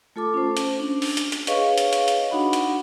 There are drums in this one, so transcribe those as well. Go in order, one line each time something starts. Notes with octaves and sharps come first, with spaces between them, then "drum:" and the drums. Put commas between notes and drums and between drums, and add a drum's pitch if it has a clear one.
A3 F4 A4 A5 D6
C#4 C5
drum: hi-hat
D4
drum: open hi-hat
drum: hi-hat
drum: hi-hat
G#4 B4 C#5 D#5 F5 C#6, drum: hi-hat
drum: hi-hat
drum: hi-hat
drum: hi-hat
D4 D#4 F#4 F#5 B5
drum: hi-hat